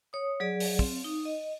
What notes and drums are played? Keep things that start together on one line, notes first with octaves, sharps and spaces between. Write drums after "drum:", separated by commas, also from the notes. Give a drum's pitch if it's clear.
C#5 D#6
F#3 G#4 D5
drum: open hi-hat
C4, drum: kick
D#4
D#5